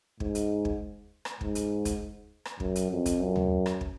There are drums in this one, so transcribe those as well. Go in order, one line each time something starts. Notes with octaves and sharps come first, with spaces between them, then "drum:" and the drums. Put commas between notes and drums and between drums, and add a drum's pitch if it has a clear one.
G#2, drum: kick
drum: hi-hat
drum: kick
drum: rim click
G#2, drum: kick
drum: hi-hat
drum: kick, hi-hat
drum: rim click
F#2, drum: kick
drum: hi-hat
F2
drum: kick, hi-hat
F#2
drum: tom D#2
drum: rim click
drum: kick